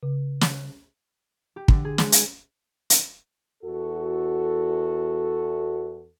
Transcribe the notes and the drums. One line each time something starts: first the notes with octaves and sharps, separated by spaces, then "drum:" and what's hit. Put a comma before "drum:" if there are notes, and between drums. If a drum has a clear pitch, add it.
C#3
drum: snare
G4
D3, drum: kick
G#4
G#3, drum: snare
G#5, drum: hi-hat
drum: hi-hat
E2 F#4 A4